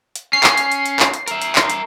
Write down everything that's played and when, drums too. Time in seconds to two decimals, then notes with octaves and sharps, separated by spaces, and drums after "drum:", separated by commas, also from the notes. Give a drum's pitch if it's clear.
0.15 drum: hi-hat
0.33 C#4 C7
0.43 drum: clap
0.58 drum: hi-hat
0.72 drum: hi-hat
0.86 drum: hi-hat
1.00 drum: clap
1.14 drum: hi-hat
1.28 A#4 E5, drum: hi-hat
1.42 drum: hi-hat
1.56 drum: clap
1.70 drum: hi-hat